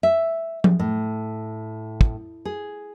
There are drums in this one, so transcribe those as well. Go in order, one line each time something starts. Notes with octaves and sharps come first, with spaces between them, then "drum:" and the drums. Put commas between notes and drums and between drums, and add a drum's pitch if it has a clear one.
E5
drum: tom F3
A2
drum: kick
G#4